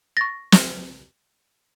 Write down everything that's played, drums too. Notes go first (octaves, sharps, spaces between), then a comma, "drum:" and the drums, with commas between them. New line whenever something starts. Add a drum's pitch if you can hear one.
C#6 A6 A#6
drum: snare